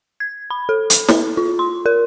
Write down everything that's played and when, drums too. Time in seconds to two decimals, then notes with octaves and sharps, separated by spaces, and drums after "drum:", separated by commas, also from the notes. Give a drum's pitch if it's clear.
0.20 G#6
0.51 B5
0.69 A4
0.90 drum: hi-hat
1.08 drum: snare
1.37 F4
1.59 C6
1.86 A#4